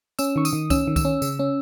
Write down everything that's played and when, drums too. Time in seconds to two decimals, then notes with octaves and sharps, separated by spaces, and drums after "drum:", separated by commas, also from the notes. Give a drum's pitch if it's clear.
0.19 C#4 E6, drum: tambourine
0.36 D#3 C#6
0.45 D#6, drum: tambourine
0.53 D#3
0.70 C#4 E6, drum: kick C2, tambourine
0.87 D#3
0.96 E6, drum: kick C2, tambourine
1.05 C#4
1.22 C#3, drum: tambourine
1.39 C#4